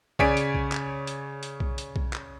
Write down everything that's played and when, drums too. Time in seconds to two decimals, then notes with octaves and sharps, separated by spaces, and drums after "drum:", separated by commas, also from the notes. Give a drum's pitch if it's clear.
0.19 C#3 C#5 D5 G#5 B6 D7, drum: kick B1
0.37 drum: hi-hat
0.54 drum: kick B1
0.72 drum: clap
1.07 drum: hi-hat
1.43 drum: hi-hat
1.60 drum: kick B1
1.78 drum: hi-hat
1.96 drum: kick B1
2.13 drum: clap